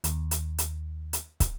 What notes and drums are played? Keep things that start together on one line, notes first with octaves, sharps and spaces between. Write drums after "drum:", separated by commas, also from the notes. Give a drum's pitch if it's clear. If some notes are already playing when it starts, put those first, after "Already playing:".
D#2, drum: hi-hat
drum: hi-hat
drum: hi-hat
drum: hi-hat
drum: kick, hi-hat